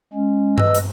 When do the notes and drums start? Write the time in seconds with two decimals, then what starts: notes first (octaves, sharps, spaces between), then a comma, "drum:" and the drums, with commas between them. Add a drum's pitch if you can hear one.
0.14 G#3 C#4
0.58 B4 D#5 E6, drum: tom G2
0.75 drum: hi-hat